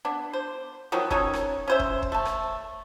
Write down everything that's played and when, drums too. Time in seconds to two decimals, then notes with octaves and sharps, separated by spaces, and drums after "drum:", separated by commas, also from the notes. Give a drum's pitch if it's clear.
0.05 B3 D4
0.33 C5
0.92 D#3 F3 F#3 B3
1.10 C#4 D#4 A4 C#5, drum: kick
1.33 drum: rim click
1.68 C#4 C5 E5
1.79 drum: kick
2.02 drum: kick
2.12 A3 A5
2.25 drum: rim click